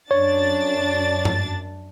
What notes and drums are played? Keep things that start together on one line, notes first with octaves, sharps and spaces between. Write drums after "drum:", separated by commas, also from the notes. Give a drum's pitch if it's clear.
F#2 D4 C#5 A6
drum: tom G2